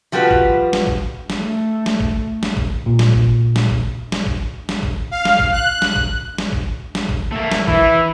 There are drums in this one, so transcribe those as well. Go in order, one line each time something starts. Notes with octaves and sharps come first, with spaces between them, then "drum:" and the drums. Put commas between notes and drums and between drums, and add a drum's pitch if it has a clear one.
F3 G3 F4 F#4 B4
drum: kick G#1
drum: snare
drum: kick G#1
drum: snare
A3
drum: snare
drum: kick G#1
drum: snare
drum: kick G#1
A#2
drum: snare
drum: kick G#1
drum: snare
drum: kick G#1
drum: snare
drum: kick G#1
drum: snare
drum: kick G#1
F5
drum: snare
drum: kick G#1
F#6
drum: snare
drum: kick G#1
drum: snare
drum: kick G#1
drum: snare
drum: kick G#1
A3 A#3
drum: snare
E3 E4, drum: kick G#1